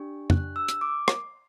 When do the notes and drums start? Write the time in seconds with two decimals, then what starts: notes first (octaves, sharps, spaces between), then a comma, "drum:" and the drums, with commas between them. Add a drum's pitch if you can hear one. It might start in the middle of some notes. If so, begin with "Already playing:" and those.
Already playing: D4 G4
0.30 F#6, drum: tom F2
0.56 E6
0.68 drum: hi-hat
0.81 D6
1.08 drum: rim click